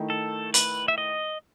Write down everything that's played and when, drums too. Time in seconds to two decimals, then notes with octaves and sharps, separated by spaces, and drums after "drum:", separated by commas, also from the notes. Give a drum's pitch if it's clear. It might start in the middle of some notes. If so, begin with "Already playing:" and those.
Already playing: D#3 A3 E4
0.10 A4
0.54 B4, drum: hi-hat
0.88 E5
0.98 D#5